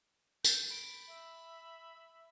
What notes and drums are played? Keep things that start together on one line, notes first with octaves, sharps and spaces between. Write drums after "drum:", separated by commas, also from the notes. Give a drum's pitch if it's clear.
G6, drum: tambourine
B5 D7
E5